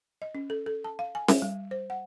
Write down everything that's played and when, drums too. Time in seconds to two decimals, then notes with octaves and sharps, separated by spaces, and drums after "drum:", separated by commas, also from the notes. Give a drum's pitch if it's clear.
0.22 D#5
0.35 C#4
0.50 A4
0.66 A4
0.84 A5
0.99 F5
1.15 G#5
1.28 E5, drum: snare C#4
1.42 G3
1.71 C5
1.90 F#5